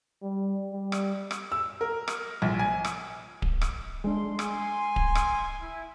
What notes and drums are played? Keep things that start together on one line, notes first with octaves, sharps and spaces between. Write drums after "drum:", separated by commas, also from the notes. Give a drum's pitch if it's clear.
G3
G3
drum: rim click
drum: rim click
E6
A#4
drum: rim click
A#1
G#5
drum: rim click
drum: kick D1
drum: rim click
G#3 D4 C6
G#5, drum: rim click
drum: kick D1
drum: rim click
E4